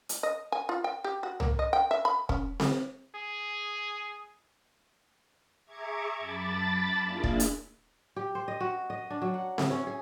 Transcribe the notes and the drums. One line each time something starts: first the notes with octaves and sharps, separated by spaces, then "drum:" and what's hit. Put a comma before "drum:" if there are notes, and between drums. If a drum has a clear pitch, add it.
drum: hi-hat
D#5
G#5
F4
G5
G4
F#4
A#3, drum: tom C2
D#5
G5
E5
B5
C#4, drum: kick
drum: snare C4
G#4
G#4 E5 A#5 C#6 D6 G#6
F#2 A5 B5 D6 A6
A#3 D4 E4 F4 G#4
drum: kick
drum: hi-hat
G4
C5
D#5
F#4
D#5
D4
F#3
F#5
E4, drum: snare C4
C#4
G#4